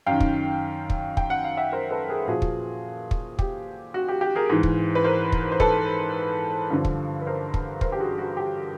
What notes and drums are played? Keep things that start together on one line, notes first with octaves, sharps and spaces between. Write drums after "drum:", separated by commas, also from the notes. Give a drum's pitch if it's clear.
F#2 D#3 F5 G5
drum: kick
drum: kick
G5, drum: kick
F#5
F5
E5 F#5
A#4 C5
A4 B4
G#4 A#4
A#2 F3 F#4 G#4
drum: kick
drum: kick
G4, drum: kick
F#4
G4
G4
G#4 A#4
G#2 E3
drum: kick
B4
A#4 C5
drum: kick
C5
A4 B4, drum: kick
G2 D3 F3
drum: kick
B4
A#4 C5
drum: kick
A#4 C5, drum: kick
G4
F#4 G#4
F#4
G4